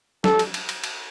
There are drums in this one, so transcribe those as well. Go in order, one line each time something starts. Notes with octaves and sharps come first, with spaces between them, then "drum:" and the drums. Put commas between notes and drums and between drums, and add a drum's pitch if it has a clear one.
A4, drum: snare
drum: cymbal
drum: cymbal
drum: cymbal
drum: cymbal